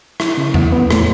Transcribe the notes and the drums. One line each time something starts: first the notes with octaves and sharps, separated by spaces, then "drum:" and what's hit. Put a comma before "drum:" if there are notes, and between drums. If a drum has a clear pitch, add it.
E4, drum: rim click
C#3
E3, drum: tom E2
B3
A2, drum: rim click